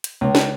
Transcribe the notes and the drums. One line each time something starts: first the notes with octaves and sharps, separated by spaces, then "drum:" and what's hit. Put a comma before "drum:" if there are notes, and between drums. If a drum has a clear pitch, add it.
drum: hi-hat
C#2
drum: snare